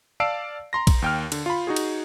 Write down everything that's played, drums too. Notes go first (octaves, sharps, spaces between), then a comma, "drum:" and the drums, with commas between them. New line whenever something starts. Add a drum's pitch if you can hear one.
D5 F5 A5 E6 C7 D7
A#5 C6 A#6
drum: kick A#1, cymbal
D#2 G5 F6
D3, drum: cymbal
F4 B5
D#4 F#4 G#4
drum: cymbal